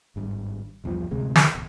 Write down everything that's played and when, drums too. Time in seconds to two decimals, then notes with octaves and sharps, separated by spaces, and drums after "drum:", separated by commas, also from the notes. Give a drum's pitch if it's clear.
0.16 G#1 G2
0.84 A#1 E2 G2 F3
1.11 A1 D2 C3 G#3
1.36 drum: snare
1.55 D1 B1